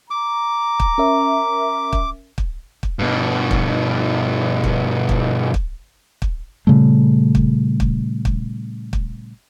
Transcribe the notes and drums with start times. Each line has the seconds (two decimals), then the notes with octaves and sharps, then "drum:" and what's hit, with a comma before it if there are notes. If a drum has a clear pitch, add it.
0.10 A#5 D6
0.80 drum: kick
0.98 C#4 A#4 E5
1.93 drum: kick
2.38 drum: kick
2.83 drum: kick
2.99 G2 B2
3.51 drum: kick
4.64 drum: kick
5.09 drum: kick
5.54 drum: kick
6.22 drum: kick
6.67 A#2 C#3 G3 A3
7.35 drum: kick
7.80 drum: kick
8.25 drum: kick
8.93 drum: kick